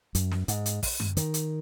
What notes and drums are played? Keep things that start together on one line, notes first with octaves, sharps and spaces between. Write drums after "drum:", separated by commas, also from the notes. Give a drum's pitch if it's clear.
F#2, drum: hi-hat
drum: snare
G#2, drum: hi-hat
drum: hi-hat
drum: kick, open hi-hat
drum: tom F#2
D#3, drum: hi-hat
drum: hi-hat